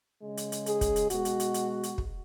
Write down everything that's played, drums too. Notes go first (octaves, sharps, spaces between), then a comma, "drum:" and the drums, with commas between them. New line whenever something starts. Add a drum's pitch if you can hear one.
C#3 G#3
drum: hi-hat
drum: hi-hat
G#4, drum: hi-hat
drum: kick, hi-hat
drum: hi-hat
B2 G#3 F#4, drum: hi-hat
drum: hi-hat
drum: hi-hat
drum: hi-hat
drum: hi-hat
drum: kick